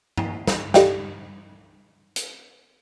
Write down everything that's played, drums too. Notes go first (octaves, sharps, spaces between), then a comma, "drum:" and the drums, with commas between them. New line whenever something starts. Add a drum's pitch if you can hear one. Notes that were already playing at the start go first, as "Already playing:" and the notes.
drum: tom G2
drum: snare
G4 A4 D5 D#5 F5 G5, drum: snare
drum: hi-hat